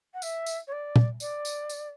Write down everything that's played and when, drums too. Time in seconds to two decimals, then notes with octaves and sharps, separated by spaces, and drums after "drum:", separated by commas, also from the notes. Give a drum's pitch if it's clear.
0.13 F#5
0.22 E5, drum: tambourine
0.46 drum: tambourine
0.67 C#5
0.72 D5
0.96 drum: tom
1.20 D5, drum: tambourine
1.45 drum: tambourine
1.70 drum: tambourine